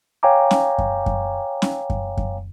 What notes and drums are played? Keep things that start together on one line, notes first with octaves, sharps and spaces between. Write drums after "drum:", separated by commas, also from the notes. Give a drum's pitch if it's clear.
C#5 F5 G5 G#5 A#5 D6
drum: snare C#4
drum: kick F#2
drum: kick F#2
drum: snare C#4
drum: kick F#2
drum: kick F#2